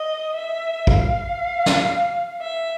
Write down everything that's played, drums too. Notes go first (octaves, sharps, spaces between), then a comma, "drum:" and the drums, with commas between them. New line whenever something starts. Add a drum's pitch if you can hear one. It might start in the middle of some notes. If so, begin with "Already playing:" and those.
Already playing: D#5
E5
F5, drum: kick
drum: snare
E5